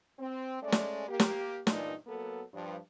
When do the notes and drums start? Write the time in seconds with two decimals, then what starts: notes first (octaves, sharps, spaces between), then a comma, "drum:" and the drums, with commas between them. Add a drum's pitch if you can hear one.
0.19 C4
0.62 G#3 A3 C#4 D5
0.72 drum: snare
1.08 A#3 G4
1.20 drum: snare
1.67 G2 A#2 E3 D4 D#4, drum: snare
2.07 F#3 A#3 B3 A4
2.53 G2 F3